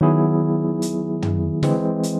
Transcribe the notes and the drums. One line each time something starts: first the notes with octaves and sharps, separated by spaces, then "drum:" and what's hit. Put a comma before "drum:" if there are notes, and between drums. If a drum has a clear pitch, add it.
D#3 F#3 B3 E4 G#4
drum: hi-hat
drum: tom
D3 E3 G#3 C4, drum: snare
drum: hi-hat